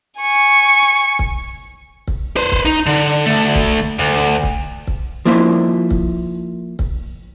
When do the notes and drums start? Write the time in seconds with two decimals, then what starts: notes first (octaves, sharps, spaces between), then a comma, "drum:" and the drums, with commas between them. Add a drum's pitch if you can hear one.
0.19 G#5 C#6
1.19 drum: kick C#1
2.08 drum: kick C#1
2.37 B4 C5
2.52 drum: kick C#1
2.65 D#4
2.86 D3
3.26 D3 A3
3.55 drum: kick C#1
3.99 D2
4.43 drum: kick C#1
4.87 drum: kick C#1
5.25 F3 A#3 E4 C5
5.91 drum: kick C#1
6.79 drum: kick C#1